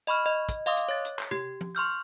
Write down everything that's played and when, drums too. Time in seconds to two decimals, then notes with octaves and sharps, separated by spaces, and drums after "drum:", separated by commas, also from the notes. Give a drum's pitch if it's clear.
0.07 D#5 B5 C#6 F6
0.26 D#5
0.49 drum: kick, hi-hat
0.66 D#5 F5 C6 D6 D#6
0.77 drum: hi-hat
0.89 C#5 A6
1.05 drum: hi-hat
1.19 drum: clap
1.31 G4, drum: tom
1.61 drum: tom
1.75 C6 C#6 F6 G6